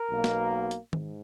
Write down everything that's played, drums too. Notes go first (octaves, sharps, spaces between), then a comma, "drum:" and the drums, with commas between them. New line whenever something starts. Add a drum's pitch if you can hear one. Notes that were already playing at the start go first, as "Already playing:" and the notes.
Already playing: A#4
B1 B2 A#3
drum: snare
drum: hi-hat
G#2, drum: tom D#3